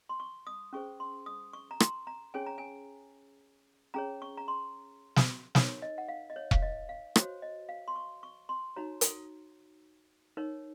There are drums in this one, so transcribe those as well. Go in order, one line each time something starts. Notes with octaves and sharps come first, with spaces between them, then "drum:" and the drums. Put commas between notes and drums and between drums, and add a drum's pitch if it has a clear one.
C6
C#6
D#6
C#4 G#4 C5 C#6
C6
D#6
C#6
A#5
C6, drum: rim click
A#5
C#4 G#4 C#5 G#5
A#5
G#5
C#4 G#4 C#5 A#5
C#6
A#5
C6
drum: snare
D#4 A#4 C#5, drum: snare
D#5
F#5
F5
D#5
C#5
F5, drum: kick E1
D#5
F5
F#4 C5 C#5, drum: rim click
D#5
F5
C6
C#6
C#6
C6
D#4 F#4 C#5 A#5
drum: hi-hat
D#4 A#4 C#5